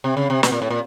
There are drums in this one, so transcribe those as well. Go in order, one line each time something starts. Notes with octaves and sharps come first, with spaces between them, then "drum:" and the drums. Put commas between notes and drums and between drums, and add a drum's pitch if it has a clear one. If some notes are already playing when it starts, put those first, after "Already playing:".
C3
C#3
C3
B2, drum: snare
A#2
A2
A#2